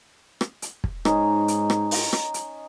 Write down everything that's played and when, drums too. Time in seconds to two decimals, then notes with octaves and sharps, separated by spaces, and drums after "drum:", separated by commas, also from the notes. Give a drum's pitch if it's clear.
0.41 drum: rim click
0.62 drum: hi-hat
0.84 drum: kick
1.05 G#2 C#4 D#4, drum: rim click
1.48 drum: hi-hat
1.70 drum: rim click
1.91 drum: open hi-hat
2.13 drum: rim click
2.34 drum: hi-hat